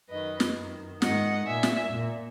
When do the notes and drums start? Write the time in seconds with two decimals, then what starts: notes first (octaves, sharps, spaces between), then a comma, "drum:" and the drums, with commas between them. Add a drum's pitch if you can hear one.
0.09 F#2 D#3 B4 D#5
0.40 drum: snare
0.55 F#2 D#3
1.02 G#2 D#3 D#5 F#5, drum: snare
1.47 A#2 E5 G#5
1.63 drum: snare
1.94 A#2